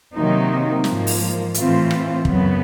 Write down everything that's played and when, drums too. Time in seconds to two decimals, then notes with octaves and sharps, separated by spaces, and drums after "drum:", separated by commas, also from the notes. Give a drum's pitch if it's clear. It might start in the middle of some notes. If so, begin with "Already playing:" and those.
0.13 C3 D#3 F#3 A#3 D#4
0.84 G#2 F3 A#3, drum: snare
1.07 drum: open hi-hat
1.54 A2 E3 A3 C4 F4, drum: hi-hat
1.91 drum: rim click
2.25 F#2 C#3 F#3 B3, drum: kick